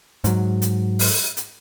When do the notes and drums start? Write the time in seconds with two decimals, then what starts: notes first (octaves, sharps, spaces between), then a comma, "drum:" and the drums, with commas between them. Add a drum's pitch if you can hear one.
0.24 G#2 F#3, drum: hi-hat
0.62 drum: hi-hat
0.99 drum: open hi-hat
1.37 drum: hi-hat